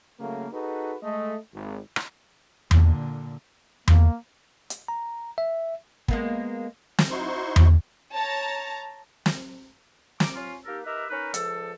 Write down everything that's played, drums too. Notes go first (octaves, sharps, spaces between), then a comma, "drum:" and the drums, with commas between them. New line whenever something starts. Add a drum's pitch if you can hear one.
C#3 F#3 A3 A#3
D#4 F#4 G#4 A4 B4
G#3 A3 D#5
G#1
drum: rim click
A#2 D3, drum: tom E2
A#3, drum: tom E2
drum: hi-hat
A#5
E5
G#3 A#3 B3, drum: kick
drum: snare
D#4 E4 F#4 C5 C6 C#6
drum: tom E2
C#5 A5 A#5
drum: snare
A#5 D6, drum: snare
C#4 F4
A#3 D#4 G4 A4 A#4
D#4 G4 A#4 B4 E5
C#4 D#4 A#4 B4
C#2 F3 A4, drum: hi-hat